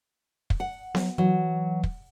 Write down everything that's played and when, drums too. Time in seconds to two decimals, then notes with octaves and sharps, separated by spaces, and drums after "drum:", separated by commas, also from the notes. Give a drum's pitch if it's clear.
0.50 drum: kick
0.60 F#5
0.95 F#3, drum: snare B3
1.18 E3 F#3
1.83 drum: kick